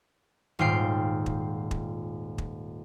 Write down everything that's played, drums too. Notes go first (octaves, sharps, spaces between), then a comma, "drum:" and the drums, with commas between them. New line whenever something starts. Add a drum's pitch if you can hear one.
D#1 G#2 F4 G5 C7
drum: kick
drum: kick
drum: kick